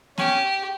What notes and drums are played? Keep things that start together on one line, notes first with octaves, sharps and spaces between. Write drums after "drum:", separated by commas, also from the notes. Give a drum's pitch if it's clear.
C#4 G4, drum: snare B3